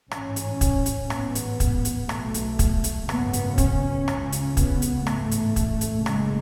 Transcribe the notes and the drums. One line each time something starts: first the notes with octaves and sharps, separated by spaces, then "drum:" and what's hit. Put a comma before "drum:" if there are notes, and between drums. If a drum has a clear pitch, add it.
A1 G#2 C#4, drum: rim click
drum: hi-hat
drum: kick, hi-hat
drum: hi-hat
A1 G#2 B3, drum: rim click
drum: hi-hat
drum: kick, hi-hat
drum: hi-hat
B1 B2 A3, drum: rim click
drum: hi-hat
drum: kick, hi-hat
drum: hi-hat
G#1 F#2 C#3 B3, drum: rim click
drum: hi-hat
C#4, drum: kick, hi-hat
C#2 C#3, drum: rim click
drum: hi-hat
B3, drum: kick, hi-hat
drum: hi-hat
A1 G#2 A3, drum: rim click
drum: hi-hat
drum: kick, hi-hat
drum: hi-hat
F#1 F#2 C#3 G#3, drum: rim click